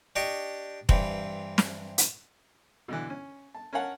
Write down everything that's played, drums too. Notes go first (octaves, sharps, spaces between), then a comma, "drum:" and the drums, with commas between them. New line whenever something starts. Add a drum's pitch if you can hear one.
D4 G4 D#5 C#6
G2 E3 C4, drum: kick F1
drum: snare
drum: hi-hat
B2 D3 E3
C#4
A5
C#4 A#4 C#5 F5 F#5 A5